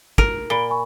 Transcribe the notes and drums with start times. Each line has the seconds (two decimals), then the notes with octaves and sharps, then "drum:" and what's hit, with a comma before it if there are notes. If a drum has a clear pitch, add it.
0.18 A#4, drum: kick
0.50 A#2 B5 D7 G7
0.69 G#5 B5 C#6